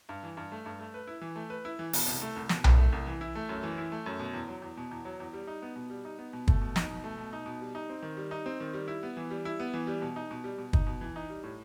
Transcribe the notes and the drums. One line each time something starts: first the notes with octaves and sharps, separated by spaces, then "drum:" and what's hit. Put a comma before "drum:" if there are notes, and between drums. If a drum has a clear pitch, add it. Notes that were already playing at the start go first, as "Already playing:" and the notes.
G2
E3
G2
A3
G2
A3
B4
E4
E3
A3
B4
E4
E3
B2, drum: open hi-hat
C2
A3
C2
B2, drum: snare
C2, drum: tom B1
A3
C2
E3
E4
A3
F#2
E3
E4
A3
F#2
B2
E2
F#3
E2
B2
E2
F#3
E2
G3
D#4
B3
B2
G3
D#4
B3
B2
A3, drum: kick
B2
D#4, drum: snare
B2
A3
B2
D#4
B2
G3
D#4
C4
D#3
G3
D#4
C4
D#3
G3
E4
B3
E3
G3
E4
B3
E3
G3
B2
D#4
B2
G3
B2
D#4, drum: kick
B2
E3
D#4
G3
A2